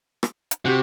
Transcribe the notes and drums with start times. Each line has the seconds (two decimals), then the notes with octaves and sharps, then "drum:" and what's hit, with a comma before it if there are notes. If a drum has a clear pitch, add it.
0.23 drum: rim click
0.51 drum: hi-hat
0.65 C3 F#4 G4